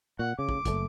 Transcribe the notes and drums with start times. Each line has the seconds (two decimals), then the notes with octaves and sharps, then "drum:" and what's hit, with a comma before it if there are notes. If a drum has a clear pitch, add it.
0.19 A#2 F#5
0.39 C#3 D6
0.49 drum: kick
0.65 F#1 A2 A3, drum: kick, hi-hat